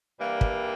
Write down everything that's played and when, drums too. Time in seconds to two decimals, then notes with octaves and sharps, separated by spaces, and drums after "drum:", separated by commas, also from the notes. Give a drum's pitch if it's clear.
0.19 G2 E3 G3 A#3
0.41 drum: kick